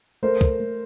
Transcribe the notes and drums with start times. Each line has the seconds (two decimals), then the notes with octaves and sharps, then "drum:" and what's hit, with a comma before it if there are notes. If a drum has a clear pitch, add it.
0.23 A3 A#4 C5
0.41 drum: kick
0.60 A3